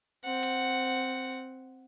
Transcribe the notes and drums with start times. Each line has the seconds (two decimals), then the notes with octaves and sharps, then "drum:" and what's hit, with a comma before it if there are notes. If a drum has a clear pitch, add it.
0.24 C4 F#5
0.43 drum: open hi-hat